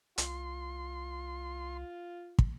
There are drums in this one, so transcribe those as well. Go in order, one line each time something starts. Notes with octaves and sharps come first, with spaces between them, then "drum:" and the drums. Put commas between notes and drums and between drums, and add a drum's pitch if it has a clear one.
C2 F4 C6, drum: hi-hat
drum: kick